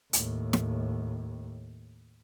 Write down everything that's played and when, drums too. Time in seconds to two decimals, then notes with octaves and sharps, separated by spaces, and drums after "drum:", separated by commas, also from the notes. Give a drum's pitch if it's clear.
0.13 D#2 A2, drum: hi-hat
0.53 drum: snare